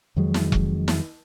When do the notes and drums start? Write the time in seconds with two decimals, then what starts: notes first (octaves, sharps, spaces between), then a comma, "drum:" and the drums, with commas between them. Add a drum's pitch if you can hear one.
0.16 F2 D#3 F#3 G#3
0.34 drum: snare
0.52 drum: kick E1
0.88 drum: snare